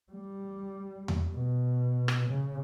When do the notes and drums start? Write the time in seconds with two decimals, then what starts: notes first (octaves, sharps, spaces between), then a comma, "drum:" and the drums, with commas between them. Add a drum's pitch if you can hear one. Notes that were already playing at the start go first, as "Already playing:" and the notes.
0.12 G3
1.08 drum: tom E2
1.35 B2
2.08 drum: rim click
2.29 C#3